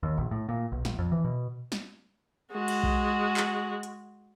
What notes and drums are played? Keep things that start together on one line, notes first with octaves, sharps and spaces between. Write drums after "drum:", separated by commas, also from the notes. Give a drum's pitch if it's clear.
D#2
A#1
A2
A#2
B1
A#1, drum: snare
F2
E3
B2
drum: snare
G#3 F#4
drum: cymbal
drum: kick B1
drum: clap
drum: hi-hat